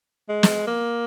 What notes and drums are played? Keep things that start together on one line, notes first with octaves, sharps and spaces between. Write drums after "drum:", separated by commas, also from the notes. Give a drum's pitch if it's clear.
G#3
drum: snare
A#3